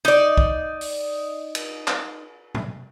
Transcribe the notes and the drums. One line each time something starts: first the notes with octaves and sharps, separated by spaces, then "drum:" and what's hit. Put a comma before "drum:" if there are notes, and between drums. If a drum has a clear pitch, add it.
D#4 D5
drum: kick
drum: open hi-hat
drum: cymbal
drum: clap
drum: tom A2